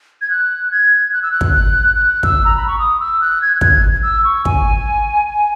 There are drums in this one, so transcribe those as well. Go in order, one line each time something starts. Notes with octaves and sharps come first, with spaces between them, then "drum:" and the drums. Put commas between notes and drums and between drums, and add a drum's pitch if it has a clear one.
G#6
F#6
G#6
F#6
E6
F#6
drum: kick
F#6
F#6
E6, drum: kick
A#5
B5
C#6
D#6
E6
F#6
G#6
F#6
G#6, drum: kick
E6
C#6
G#5, drum: kick
G#5